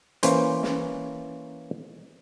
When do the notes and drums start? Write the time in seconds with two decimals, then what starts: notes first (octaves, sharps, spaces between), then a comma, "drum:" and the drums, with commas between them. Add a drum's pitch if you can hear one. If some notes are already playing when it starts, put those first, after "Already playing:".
0.23 E3 A#3 C#4 C5, drum: hi-hat
0.63 drum: snare